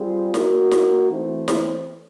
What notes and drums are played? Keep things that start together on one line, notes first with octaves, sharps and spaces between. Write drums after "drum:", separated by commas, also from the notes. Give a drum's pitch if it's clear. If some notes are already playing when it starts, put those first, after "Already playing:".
Already playing: G3 C4 F4 G#4
A#3 D#4 F#4, drum: snare
drum: snare
E3 A3 C4
drum: snare